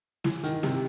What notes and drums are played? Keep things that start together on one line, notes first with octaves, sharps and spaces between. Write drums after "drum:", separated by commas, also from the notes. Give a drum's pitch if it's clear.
E3, drum: snare
D#3, drum: hi-hat
C3, drum: snare